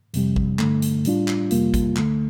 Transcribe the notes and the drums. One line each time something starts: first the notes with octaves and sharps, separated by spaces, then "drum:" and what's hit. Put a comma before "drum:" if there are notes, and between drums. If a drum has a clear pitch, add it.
F2 C3 G3, drum: hi-hat
drum: kick A1
G2 D3 A3, drum: clap
drum: hi-hat
A2 G3 D4 F4, drum: hi-hat
drum: clap
F2 C3 G3 A#3 F4, drum: hi-hat
drum: kick A1, hi-hat
D2 D3 A3, drum: clap